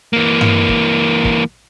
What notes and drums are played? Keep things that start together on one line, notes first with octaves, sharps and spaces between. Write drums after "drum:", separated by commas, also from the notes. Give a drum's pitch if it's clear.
E3 A#3
drum: tom G2
drum: kick
drum: kick